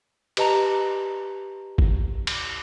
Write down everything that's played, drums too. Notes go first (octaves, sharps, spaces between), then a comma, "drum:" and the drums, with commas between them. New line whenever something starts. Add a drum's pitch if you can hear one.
G4 B4 D#5 A5 A#5 F7, drum: cymbal
drum: kick
drum: cymbal